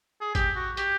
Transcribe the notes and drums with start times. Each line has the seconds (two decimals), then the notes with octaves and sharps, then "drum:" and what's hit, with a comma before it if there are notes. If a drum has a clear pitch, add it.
0.21 G#4
0.35 G4, drum: kick G#1, hi-hat
0.56 F#4
0.77 G4, drum: hi-hat